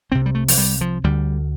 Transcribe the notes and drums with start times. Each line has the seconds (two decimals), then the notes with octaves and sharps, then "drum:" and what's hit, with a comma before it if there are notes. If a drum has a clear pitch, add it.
0.11 C2 C3 C4
0.26 G3
0.35 A3
0.48 F3, drum: open hi-hat
0.58 G3
0.81 F3
1.04 D2 D3 G3